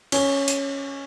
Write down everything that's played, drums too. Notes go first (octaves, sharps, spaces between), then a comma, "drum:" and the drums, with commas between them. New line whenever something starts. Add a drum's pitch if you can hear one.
C#4, drum: cymbal
drum: hi-hat